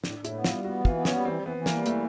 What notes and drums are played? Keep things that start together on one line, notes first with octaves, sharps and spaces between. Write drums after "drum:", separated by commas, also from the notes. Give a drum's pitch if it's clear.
A2 D4, drum: snare
A2
E4, drum: hi-hat
B3
G3 F4, drum: snare
B3 F#4
E3
F4, drum: kick
B3
C#4, drum: snare
G3
E3 C4
E3 B3
E3
A#3, drum: snare
G3
E3 A3, drum: hi-hat